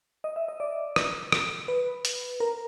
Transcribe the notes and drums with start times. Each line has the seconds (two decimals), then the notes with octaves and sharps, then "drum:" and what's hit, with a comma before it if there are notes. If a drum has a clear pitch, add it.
0.24 D#5
0.36 E5
0.48 D#5
0.60 D5
0.96 drum: rim click
1.32 drum: rim click
1.68 B4
2.05 drum: hi-hat
2.40 A#4